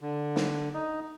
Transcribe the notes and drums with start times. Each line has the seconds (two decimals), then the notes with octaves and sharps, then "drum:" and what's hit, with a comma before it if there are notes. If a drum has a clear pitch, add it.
0.01 D3
0.36 drum: snare
0.74 D#4